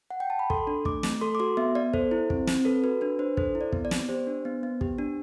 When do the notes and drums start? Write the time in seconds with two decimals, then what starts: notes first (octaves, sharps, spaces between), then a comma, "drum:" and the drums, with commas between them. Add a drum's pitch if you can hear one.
0.11 F#5
0.20 G5
0.30 A5
0.39 B5
0.50 A4 C6, drum: kick
0.67 D4
0.85 A3 D6, drum: kick
1.03 A3, drum: snare
1.21 A4 C6
1.35 D6
1.40 F#4 C6
1.57 B3 E5
1.75 B3 D5
1.93 A4 C5, drum: kick
2.11 E4
2.30 C4, drum: kick
2.47 C4, drum: snare
2.65 A4 B4
2.84 F#4 B4
3.01 D4 B4
3.19 D4 C5
3.37 A4 C5, drum: kick
3.55 E4
3.61 D5
3.72 B3, drum: kick
3.85 D5
3.91 B3, drum: snare
4.00 D5
4.09 G4 C5
4.27 D4
4.45 B3
4.63 B3
4.81 G4, drum: kick
4.98 D4